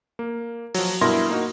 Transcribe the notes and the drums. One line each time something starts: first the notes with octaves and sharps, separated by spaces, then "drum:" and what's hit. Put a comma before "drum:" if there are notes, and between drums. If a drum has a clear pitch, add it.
A#3
F3 F#3, drum: open hi-hat
G2 B2 E4 A#4 C6 A#6
A#3 D#4 F#4